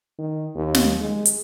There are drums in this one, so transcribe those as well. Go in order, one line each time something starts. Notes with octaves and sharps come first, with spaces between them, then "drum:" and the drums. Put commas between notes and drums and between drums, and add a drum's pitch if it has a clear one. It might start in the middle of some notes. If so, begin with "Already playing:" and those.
D#3
D#2
drum: snare
G#3
drum: hi-hat